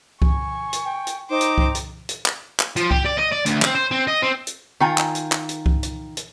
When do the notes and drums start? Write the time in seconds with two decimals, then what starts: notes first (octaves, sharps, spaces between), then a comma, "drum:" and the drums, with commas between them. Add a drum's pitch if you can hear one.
0.22 G#5 C#6, drum: kick C2
0.73 drum: hi-hat
0.85 G5
1.07 drum: hi-hat
1.30 D#4 C5 G5 A#5 D6
1.41 drum: hi-hat
1.58 drum: kick C2
1.75 drum: hi-hat
2.09 drum: hi-hat
2.26 drum: clap
2.60 drum: clap
2.76 F3, drum: hi-hat
2.91 G4, drum: kick C2
3.06 D5
3.19 D#5
3.32 D5
3.46 D2, drum: hi-hat
3.62 C4, drum: clap
3.75 C5
3.91 C4
4.07 D#5
4.22 C4
4.47 drum: hi-hat
4.80 D#3 F4 G5 G#5 A#5
4.98 drum: clap
5.15 drum: hi-hat
5.32 drum: clap
5.49 drum: hi-hat
5.66 drum: kick C2
5.83 drum: hi-hat
6.17 drum: hi-hat